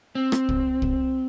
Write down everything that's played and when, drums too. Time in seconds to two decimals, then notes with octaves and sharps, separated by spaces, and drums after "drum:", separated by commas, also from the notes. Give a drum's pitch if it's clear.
0.15 C4
0.32 drum: rim click
0.49 drum: kick
0.82 drum: kick